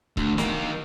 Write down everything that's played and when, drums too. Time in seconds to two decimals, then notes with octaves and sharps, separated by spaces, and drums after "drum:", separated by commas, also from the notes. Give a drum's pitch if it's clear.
0.17 D2, drum: kick C#1
0.38 D#3 A#3, drum: snare